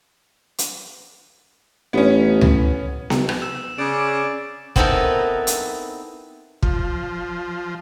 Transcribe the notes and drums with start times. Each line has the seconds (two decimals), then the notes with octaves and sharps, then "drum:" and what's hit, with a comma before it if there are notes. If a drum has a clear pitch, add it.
0.58 drum: hi-hat
1.93 A1 B3 C#4
2.41 drum: tom C#2
3.10 drum: snare
3.29 drum: rim click
3.42 E6 E7
3.78 C#3 C#4 D5 D6 D7
4.76 B3 C4 D#4 E4 A4 A#4, drum: kick
5.47 drum: hi-hat
6.63 F3, drum: kick